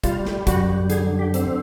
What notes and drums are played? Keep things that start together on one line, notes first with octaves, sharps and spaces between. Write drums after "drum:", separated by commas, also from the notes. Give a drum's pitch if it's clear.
G3 F4, drum: kick, hi-hat
drum: snare
F#2 F#4, drum: kick, hi-hat
D3 G#4, drum: hi-hat
G4
C4, drum: hi-hat